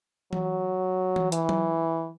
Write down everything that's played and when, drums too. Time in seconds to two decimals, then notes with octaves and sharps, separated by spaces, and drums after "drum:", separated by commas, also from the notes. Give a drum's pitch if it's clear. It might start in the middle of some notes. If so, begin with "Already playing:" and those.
0.33 F#3, drum: tom E3
1.16 drum: tom E3
1.32 E3, drum: hi-hat
1.49 drum: tom F#3